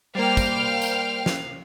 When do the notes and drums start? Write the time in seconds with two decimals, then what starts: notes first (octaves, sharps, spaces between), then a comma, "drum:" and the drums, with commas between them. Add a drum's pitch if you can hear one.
0.15 G3 A#3 C5 F5 G5 F6
0.37 drum: kick, tambourine
0.82 drum: tambourine
1.26 drum: snare